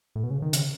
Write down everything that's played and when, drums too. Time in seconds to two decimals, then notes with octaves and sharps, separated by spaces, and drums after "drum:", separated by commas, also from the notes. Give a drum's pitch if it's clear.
0.16 A2
0.23 B2
0.30 C#3
0.42 D#3
0.53 C#3, drum: hi-hat